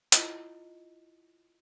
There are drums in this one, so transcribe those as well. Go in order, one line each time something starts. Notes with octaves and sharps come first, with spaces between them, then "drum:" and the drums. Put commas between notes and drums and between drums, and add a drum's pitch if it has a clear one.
E4 F4 D#5, drum: hi-hat